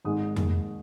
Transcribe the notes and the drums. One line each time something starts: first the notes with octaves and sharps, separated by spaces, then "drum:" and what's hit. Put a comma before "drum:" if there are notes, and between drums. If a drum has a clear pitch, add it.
G#1 G#2 D#3 G#3 D#6
D#2 D#3 G#3, drum: tom F2